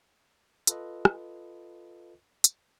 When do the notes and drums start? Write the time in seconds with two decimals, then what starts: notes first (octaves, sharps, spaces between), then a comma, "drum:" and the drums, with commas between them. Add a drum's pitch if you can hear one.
0.67 F4 A4 B4 D#5, drum: hi-hat
1.05 drum: rim click
2.44 drum: hi-hat